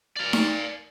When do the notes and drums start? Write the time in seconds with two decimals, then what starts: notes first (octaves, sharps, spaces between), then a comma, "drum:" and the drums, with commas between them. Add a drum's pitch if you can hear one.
0.16 D5 F5
0.33 drum: snare D#4